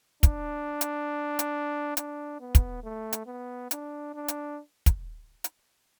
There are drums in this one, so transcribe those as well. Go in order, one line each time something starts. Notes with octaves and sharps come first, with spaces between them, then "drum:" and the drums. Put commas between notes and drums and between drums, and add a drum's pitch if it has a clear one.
D4, drum: kick, hi-hat
drum: hi-hat
drum: hi-hat
D4, drum: hi-hat
B3
drum: kick, hi-hat
A3
drum: hi-hat
B3
D4, drum: hi-hat
D4
drum: hi-hat
drum: kick, hi-hat
drum: hi-hat